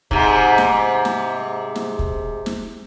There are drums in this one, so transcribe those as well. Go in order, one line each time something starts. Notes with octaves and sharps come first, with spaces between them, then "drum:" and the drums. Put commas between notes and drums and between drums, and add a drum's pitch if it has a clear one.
G#2 C3, drum: kick
drum: snare
drum: snare
drum: snare
drum: kick
drum: snare